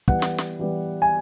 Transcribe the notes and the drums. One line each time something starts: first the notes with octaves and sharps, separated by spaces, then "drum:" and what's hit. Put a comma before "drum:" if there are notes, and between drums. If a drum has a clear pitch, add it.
E3 G3 B3 F#5, drum: kick
drum: snare
drum: snare
E3 G3 B3
G#5